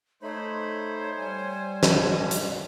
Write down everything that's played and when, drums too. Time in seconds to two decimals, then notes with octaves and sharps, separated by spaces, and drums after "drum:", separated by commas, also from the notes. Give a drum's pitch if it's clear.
0.23 A3 D#4 C5 C#5 B5
1.18 G3 G#5
1.83 drum: snare
2.31 drum: hi-hat